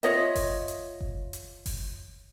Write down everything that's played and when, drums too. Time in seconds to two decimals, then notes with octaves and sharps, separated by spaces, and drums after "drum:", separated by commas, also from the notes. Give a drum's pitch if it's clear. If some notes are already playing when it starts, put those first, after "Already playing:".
0.03 F4 C#5 D#5 E5, drum: hi-hat
0.35 drum: kick F#1, open hi-hat
0.68 drum: hi-hat
1.01 drum: kick F#1
1.33 drum: hi-hat
1.66 drum: kick F#1, open hi-hat